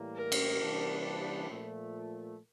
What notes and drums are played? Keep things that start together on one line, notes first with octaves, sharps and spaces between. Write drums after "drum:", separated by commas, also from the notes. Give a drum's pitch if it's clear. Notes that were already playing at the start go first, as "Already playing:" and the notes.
Already playing: A2 E3 G3 A#3
A#4
drum: cymbal
C3 E3 G3 A#3 D4
A#2 F3 A3